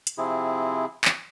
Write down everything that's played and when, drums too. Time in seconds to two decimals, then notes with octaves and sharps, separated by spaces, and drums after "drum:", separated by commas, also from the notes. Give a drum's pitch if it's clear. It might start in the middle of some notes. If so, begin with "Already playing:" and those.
0.07 drum: hi-hat
0.18 C3 F3 C4 E4 G#4
1.05 drum: clap